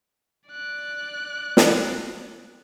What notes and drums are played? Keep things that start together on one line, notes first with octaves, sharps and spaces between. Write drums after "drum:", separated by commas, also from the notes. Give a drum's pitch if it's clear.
D5 F#6
drum: snare